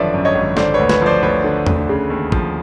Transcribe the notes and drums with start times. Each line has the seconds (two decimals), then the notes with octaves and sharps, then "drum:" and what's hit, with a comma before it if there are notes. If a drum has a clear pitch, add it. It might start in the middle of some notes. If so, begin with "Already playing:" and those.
Already playing: G#1 F#2 D3 F3 B4 C#5 D5 E5
0.14 F#2
0.25 C#5 D#5
0.35 G#1
0.57 D3 C5 D5, drum: snare
0.74 B4 C#5
0.79 D2
0.89 B4 C#5, drum: snare
1.02 F3 C5 D5
1.23 D2 B4 C#5
1.44 D3
1.66 D2, drum: tom E2
1.89 C#3
2.10 D#2
2.32 F3, drum: kick